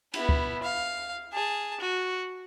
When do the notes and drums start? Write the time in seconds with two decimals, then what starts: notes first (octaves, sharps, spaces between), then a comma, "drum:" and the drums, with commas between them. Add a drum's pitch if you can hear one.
0.14 B3 E4, drum: cymbal
0.29 drum: kick D2
0.63 F5
1.33 G#4 A5
1.80 F#4